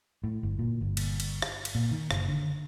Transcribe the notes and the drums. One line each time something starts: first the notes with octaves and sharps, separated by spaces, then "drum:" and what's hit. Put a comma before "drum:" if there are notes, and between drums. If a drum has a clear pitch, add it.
A2
G1
A#2
G1
drum: cymbal
drum: cymbal
drum: rim click
drum: cymbal
A#2
D#3
F#1, drum: rim click
D3